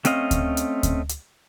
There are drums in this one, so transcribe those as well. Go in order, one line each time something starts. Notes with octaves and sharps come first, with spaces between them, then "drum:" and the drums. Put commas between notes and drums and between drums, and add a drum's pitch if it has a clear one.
A3 C4 C#4 D#5 F5, drum: hi-hat
drum: kick D2, hi-hat
drum: hi-hat
drum: kick D2, hi-hat
drum: hi-hat